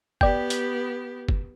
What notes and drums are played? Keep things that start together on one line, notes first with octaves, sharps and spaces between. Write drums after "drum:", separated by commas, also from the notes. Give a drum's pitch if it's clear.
B3 G4 D5 G5, drum: kick
drum: hi-hat
drum: kick